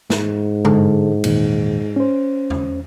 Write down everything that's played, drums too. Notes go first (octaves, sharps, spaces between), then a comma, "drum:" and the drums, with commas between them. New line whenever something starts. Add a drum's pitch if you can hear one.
G#2, drum: snare
D3 G#3 A4, drum: tom G2
E2 A#2 D#3, drum: cymbal
C#4 C5
drum: tom E2